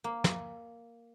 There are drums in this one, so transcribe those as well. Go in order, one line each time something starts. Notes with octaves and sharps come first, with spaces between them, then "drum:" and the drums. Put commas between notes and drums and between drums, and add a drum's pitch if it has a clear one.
A#3
drum: snare